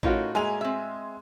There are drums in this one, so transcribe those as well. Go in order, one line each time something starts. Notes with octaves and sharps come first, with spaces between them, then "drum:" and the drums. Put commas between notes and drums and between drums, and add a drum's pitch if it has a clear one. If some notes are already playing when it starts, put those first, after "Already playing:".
A2 D#4 F4 F#4 A#4 C#5, drum: kick A1
G#3 A#3 E5 G#5 F7
C4 E5